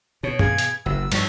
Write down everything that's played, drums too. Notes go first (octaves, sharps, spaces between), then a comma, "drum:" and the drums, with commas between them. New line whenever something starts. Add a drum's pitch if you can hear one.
B2 C#5
G#4 F5 G#6, drum: tom G2
drum: hi-hat
F#1 F#4 E6
G2 D#3 F3 C#5, drum: cymbal